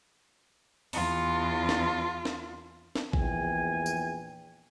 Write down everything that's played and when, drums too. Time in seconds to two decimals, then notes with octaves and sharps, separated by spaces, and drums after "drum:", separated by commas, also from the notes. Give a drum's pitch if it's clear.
0.93 E2 F4, drum: open hi-hat
1.69 drum: snare
2.25 drum: snare
2.95 drum: snare
3.13 A#1 E2 G5 G#5, drum: kick A1
3.86 drum: tambourine